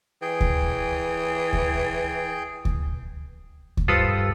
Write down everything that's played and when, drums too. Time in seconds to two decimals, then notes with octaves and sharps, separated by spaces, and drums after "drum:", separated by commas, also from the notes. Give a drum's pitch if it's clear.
0.22 E3 G#4 G5
0.41 drum: kick D2
1.53 drum: kick D2
2.65 drum: kick D2
3.77 drum: kick D2
3.88 G2 F4 A4 B4 C5 D#6 E6